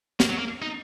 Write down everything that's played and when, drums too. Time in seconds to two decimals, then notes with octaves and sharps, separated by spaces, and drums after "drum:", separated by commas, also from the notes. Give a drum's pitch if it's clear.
0.20 A#3, drum: snare
0.30 F#3
0.39 A#3
0.62 D#4